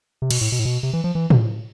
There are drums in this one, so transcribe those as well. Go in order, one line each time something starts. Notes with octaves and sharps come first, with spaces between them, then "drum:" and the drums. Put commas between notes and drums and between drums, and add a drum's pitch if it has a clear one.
C3
B2, drum: cymbal
A2
B2
A2
B2
C3
E3
F3
E3
drum: tom A2